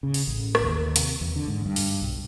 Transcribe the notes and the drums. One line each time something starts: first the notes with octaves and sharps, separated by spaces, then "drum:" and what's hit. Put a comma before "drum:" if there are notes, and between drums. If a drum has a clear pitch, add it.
C#3
drum: open hi-hat
A1
drum: rim click
D#2
C3, drum: hi-hat
E2
D3
G#2
G2
drum: open hi-hat
B1